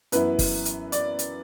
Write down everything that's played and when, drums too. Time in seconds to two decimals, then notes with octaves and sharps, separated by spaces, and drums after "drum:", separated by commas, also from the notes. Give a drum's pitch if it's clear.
0.12 F#2 E3 B3 E4 B4, drum: hi-hat
0.39 drum: kick, open hi-hat
0.65 drum: hi-hat
0.92 D5, drum: hi-hat
1.19 drum: hi-hat